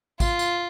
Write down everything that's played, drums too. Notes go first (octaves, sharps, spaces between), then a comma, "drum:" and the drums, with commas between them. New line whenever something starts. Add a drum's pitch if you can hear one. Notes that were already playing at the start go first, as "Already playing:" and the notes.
F4, drum: kick, tambourine
drum: tambourine